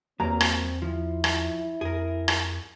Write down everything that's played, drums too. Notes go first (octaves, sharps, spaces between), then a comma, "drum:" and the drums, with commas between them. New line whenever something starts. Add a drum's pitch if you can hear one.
E2 F#3 A#3 C4 A#5
drum: rim click
F3 E4
drum: rim click
F2 G#4 A#4
drum: rim click